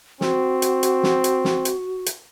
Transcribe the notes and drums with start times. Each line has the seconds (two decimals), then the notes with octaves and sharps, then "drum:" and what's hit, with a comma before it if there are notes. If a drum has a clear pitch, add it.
0.21 C4 F#4, drum: snare
0.62 drum: hi-hat
0.83 drum: hi-hat
1.03 drum: snare
1.24 drum: hi-hat
1.45 drum: snare
1.65 drum: hi-hat
2.06 drum: hi-hat